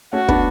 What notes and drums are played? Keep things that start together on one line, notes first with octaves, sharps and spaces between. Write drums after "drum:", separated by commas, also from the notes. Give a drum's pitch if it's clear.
A3 C#4 F#4
B3 D4, drum: kick